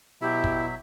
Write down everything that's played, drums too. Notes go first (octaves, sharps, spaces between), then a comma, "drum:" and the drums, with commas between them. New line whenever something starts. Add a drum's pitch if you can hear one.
B2 F#3 E4 G4 E5
drum: kick